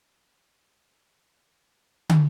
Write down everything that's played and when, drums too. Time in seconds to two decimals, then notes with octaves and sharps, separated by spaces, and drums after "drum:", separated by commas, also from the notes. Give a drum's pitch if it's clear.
0.20 A#3 F#4
0.83 B2 G#3 A3 B4
2.09 drum: tom